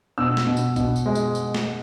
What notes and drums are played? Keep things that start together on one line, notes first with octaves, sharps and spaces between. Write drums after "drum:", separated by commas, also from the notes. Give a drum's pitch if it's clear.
B2 E6
drum: snare
B2
drum: tambourine
B2, drum: kick, tambourine
drum: tambourine
G#3
drum: tambourine
drum: tambourine
drum: snare